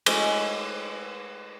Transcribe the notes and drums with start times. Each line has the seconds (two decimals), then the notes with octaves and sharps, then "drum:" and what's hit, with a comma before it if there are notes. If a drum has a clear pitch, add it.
0.06 G#3 A3 C#4 D#5, drum: cymbal